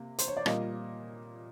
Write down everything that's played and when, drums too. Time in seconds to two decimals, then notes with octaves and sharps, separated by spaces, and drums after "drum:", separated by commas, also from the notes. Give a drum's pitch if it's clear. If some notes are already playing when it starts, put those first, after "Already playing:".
Already playing: C3 A#3
0.18 C5, drum: hi-hat
0.28 C#5
0.37 D5
0.46 A#2 G3 A#3 D#5, drum: rim click